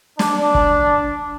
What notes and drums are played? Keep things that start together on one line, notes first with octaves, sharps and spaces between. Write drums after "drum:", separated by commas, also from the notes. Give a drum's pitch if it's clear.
D4, drum: snare
drum: kick